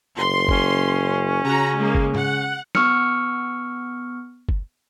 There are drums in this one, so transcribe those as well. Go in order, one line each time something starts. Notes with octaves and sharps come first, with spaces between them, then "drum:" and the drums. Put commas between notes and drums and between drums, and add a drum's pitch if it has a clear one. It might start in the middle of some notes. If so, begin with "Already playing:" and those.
F#1 C6
C#4, drum: kick F#1
C#3 F#4 A#5
G#3 A#3
drum: kick F#1
F#5, drum: tom G#2
B3 C#6 E6 F6 C#7, drum: snare
drum: kick F#1